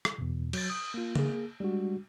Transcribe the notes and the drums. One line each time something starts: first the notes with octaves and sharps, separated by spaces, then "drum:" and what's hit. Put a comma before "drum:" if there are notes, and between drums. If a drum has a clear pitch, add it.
drum: rim click
E2 B2
F#3 A6, drum: cymbal
D#6
A#3 F4
A#3 G#4, drum: tom C#3
G3 G#3 D4 F#4